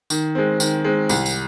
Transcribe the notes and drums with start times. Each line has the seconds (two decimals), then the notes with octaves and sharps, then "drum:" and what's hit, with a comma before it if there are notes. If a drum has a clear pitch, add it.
0.10 D#3, drum: tambourine
0.35 G#3 C4
0.60 D#3, drum: tambourine
0.84 G#3 C4
1.09 C2, drum: tambourine
1.26 drum: tambourine